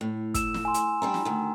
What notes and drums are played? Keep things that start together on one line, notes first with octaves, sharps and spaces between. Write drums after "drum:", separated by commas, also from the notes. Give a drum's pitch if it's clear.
A2
E6 E7, drum: kick, hi-hat
drum: snare
G#5 C6
drum: hi-hat
G3 D4 E4 A#5
drum: snare
D2 D#3